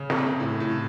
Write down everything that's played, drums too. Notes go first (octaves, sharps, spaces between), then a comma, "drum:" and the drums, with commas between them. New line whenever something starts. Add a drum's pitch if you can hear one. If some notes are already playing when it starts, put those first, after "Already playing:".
Already playing: C#3
C3, drum: snare
A2
A2